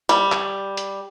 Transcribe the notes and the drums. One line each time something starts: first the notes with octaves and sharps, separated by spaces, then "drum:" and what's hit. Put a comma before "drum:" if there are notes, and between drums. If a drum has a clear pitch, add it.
G3, drum: hi-hat
drum: clap
drum: hi-hat